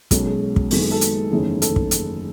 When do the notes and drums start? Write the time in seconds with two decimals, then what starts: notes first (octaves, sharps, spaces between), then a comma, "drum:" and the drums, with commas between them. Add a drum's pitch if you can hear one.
0.11 B1 B2 G#3 C#4 A4, drum: kick, hi-hat
0.26 G#4
0.56 drum: kick
0.71 F#1 F#2 D#3 G#3 B3 A4, drum: open hi-hat
0.82 G#4
0.91 A4
1.01 drum: hi-hat
1.31 F#1 E2 D#3 A3 C#4 G#4
1.62 A4, drum: hi-hat
1.76 drum: kick
1.91 drum: hi-hat